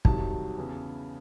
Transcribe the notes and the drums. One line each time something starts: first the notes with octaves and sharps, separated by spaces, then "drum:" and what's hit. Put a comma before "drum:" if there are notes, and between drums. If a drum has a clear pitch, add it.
C2 C3 D#3 F#3 A5, drum: kick
E2 C#3 E3